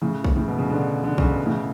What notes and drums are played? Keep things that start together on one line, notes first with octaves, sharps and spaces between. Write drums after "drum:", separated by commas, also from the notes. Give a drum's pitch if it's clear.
A2 C#3
drum: kick A#1
A2 C#3
B2
C#3
B2 D3
D3
C#3, drum: kick A#1
B2
A2 C#3